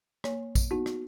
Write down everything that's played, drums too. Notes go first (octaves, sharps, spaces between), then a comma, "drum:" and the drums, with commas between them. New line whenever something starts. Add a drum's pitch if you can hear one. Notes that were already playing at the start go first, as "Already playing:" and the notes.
A#3 C#5, drum: rim click
drum: kick, tambourine
B3 D#4 F#4
drum: rim click